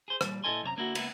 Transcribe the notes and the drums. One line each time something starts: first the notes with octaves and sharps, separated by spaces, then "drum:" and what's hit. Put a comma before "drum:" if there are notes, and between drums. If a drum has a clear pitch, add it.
G#4 C5
A#2 G3, drum: rim click
A#2 E4 A4 D#5 G#5 C6
F#2 C3 C#5 A#5
D3 A#3 E4 F#4
C#2 A#3 B3 E4, drum: cymbal